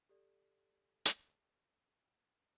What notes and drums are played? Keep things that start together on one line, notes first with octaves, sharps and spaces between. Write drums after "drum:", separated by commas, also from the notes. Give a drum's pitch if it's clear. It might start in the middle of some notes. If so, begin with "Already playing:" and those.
G4 A4 D5
drum: hi-hat